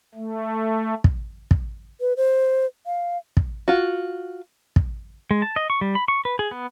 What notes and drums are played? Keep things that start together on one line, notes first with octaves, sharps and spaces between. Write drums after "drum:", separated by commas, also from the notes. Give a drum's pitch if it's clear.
A3
drum: kick
drum: kick
B4
C5
F5
drum: kick
F4 F#4
drum: kick
G#3
A5
D#5
C#6
G3
B5
C#6
B4
G#4
B3